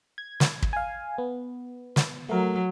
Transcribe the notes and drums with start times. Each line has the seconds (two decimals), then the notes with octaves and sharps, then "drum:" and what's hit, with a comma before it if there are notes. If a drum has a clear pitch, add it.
0.18 G#6
0.40 drum: snare
0.62 drum: kick
0.73 F5 G#5
1.18 B3
1.96 drum: snare
2.29 F#3 A3 A#4